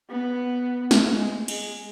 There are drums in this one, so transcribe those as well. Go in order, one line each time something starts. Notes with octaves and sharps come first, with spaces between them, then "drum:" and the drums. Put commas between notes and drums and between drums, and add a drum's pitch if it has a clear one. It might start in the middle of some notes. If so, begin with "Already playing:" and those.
B3
drum: snare
G#3
G#3, drum: cymbal